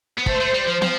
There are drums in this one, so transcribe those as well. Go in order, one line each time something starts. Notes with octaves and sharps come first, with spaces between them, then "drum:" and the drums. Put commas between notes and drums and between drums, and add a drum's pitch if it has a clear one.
B3
A3 C5, drum: kick
A3
G3
F3
F3, drum: snare